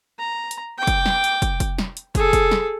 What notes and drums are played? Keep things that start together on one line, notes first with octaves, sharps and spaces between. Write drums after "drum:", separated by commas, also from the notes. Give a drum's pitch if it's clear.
A#5
drum: hi-hat
G5 D6
drum: kick, hi-hat
drum: snare
drum: hi-hat
drum: kick, hi-hat
drum: kick, hi-hat
drum: snare
drum: hi-hat
G#4 A4, drum: kick, hi-hat
drum: kick, hi-hat
drum: snare